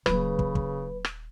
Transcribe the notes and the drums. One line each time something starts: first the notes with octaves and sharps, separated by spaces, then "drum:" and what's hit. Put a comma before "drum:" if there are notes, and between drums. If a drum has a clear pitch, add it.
D#1 C#3 F#3 A#3 B4, drum: rim click
drum: kick
drum: kick
drum: rim click